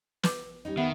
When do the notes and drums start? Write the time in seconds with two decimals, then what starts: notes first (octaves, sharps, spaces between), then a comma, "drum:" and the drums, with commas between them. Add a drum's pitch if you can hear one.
0.23 B4 D6, drum: snare
0.65 G3 C#4 D#4
0.77 F2 D#3 B3 A4 E5